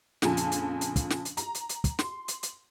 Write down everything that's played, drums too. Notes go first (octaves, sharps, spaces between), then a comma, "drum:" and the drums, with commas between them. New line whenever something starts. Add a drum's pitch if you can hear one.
A#1 F2 C#3 F3 G#5 A5, drum: snare
drum: hi-hat
drum: hi-hat
drum: hi-hat
drum: kick, hi-hat
drum: snare
drum: hi-hat
A#5, drum: hi-hat
drum: hi-hat
drum: hi-hat
drum: kick, hi-hat
C6, drum: snare
drum: hi-hat
drum: hi-hat